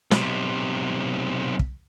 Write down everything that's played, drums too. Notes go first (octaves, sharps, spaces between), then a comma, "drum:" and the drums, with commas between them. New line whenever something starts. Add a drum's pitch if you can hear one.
B1 C3, drum: snare
drum: kick